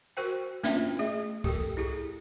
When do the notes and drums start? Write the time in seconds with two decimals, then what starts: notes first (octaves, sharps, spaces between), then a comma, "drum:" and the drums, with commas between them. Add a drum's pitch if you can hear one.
0.17 F#4 A#4 C5 G5
0.63 B3 C#4 D4 F4 E5 G5, drum: snare
0.99 A3 G#4 E5
1.44 G4 A4 A#4 G5, drum: kick C2, open hi-hat
1.77 E4 G4 G#4